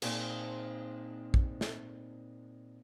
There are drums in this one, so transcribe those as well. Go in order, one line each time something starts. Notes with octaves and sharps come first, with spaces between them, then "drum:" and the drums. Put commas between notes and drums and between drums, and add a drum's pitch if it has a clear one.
A#2 C4 D#4 G#4 C5, drum: cymbal
drum: kick A#1
drum: snare